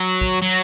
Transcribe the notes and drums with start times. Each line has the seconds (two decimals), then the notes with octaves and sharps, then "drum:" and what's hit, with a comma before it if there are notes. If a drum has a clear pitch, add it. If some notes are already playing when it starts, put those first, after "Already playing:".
Already playing: F#3
0.21 drum: kick
0.42 F#3